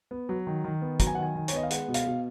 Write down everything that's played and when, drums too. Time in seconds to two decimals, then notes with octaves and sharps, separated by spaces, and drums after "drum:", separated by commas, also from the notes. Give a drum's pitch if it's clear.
0.11 B3
0.29 F#3
0.47 D#3
0.64 D#3
0.82 B3
1.00 F#3 A#5, drum: kick, hi-hat
1.07 G#5
1.15 F#5
1.18 D#3 G#5
1.35 D#3
1.48 C#5, drum: hi-hat
1.53 B3 D#5
1.63 F5
1.71 G#3 F#5, drum: hi-hat
1.88 B2
1.94 F5, drum: hi-hat
2.07 B2